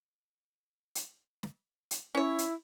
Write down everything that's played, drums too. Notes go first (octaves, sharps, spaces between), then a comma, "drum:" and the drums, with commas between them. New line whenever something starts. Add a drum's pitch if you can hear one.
drum: hi-hat
drum: snare
drum: hi-hat
C#4 E4 C#5
drum: hi-hat